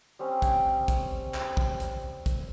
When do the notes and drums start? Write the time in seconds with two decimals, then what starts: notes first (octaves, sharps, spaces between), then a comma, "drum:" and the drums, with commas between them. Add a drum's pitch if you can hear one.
0.19 G3 C4 C#4 D#6
0.42 drum: kick, hi-hat
0.88 drum: kick, hi-hat
1.34 drum: clap
1.57 drum: kick
1.80 drum: hi-hat
2.26 drum: kick, hi-hat